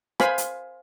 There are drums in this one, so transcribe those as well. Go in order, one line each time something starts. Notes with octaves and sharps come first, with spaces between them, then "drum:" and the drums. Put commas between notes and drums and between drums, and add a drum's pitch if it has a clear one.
C5 F5 G#5 B5, drum: rim click
drum: hi-hat